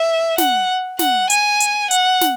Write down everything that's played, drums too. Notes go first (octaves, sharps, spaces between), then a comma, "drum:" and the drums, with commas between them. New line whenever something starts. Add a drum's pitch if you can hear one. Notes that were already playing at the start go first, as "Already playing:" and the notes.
Already playing: E5
F#5, drum: snare
F#5, drum: snare
G#5, drum: hi-hat
drum: hi-hat
F#5, drum: hi-hat
drum: snare